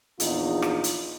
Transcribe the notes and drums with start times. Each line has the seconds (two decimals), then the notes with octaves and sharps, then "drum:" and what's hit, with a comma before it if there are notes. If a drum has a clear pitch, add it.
0.20 A#1 E2 D#4 F4, drum: hi-hat
0.62 drum: rim click
0.84 drum: hi-hat